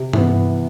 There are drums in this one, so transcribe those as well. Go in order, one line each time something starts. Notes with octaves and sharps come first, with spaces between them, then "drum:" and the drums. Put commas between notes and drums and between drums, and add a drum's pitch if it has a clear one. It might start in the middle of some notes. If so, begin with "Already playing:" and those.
Already playing: C3
E3 B3, drum: tom G2